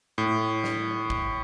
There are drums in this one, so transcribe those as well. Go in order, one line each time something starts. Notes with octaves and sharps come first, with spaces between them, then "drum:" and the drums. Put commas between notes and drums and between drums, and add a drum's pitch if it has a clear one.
A2
drum: snare
drum: kick